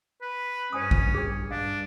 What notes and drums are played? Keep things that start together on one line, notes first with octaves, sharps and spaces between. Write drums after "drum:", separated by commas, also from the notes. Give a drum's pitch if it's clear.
B4
G2 C#4 C5 G#5 D#6
drum: kick A1
D4 G#4
G2 D4 F5